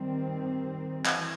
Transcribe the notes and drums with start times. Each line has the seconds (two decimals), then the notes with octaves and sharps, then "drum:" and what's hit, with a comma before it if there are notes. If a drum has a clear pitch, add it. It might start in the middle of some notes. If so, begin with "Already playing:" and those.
Already playing: D#3 G3 C4
1.05 E3, drum: clap